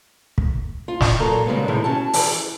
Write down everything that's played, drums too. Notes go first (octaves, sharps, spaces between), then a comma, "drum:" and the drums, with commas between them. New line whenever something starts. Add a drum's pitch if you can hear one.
drum: kick
F4
drum: snare
E2 A#2 F#3 A#3 A4 A#5
C#3 G3 G#3 A#3 B3
A2 C3 D#3 E3 G#3
B2 C#4 F#4 A5
E3, drum: open hi-hat